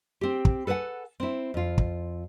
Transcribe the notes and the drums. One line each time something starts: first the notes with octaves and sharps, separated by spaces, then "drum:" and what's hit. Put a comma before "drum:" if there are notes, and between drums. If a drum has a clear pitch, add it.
C4 G4
drum: kick
A4 B4 C5 F#5 G#5
C4 E4
F2 F4
drum: kick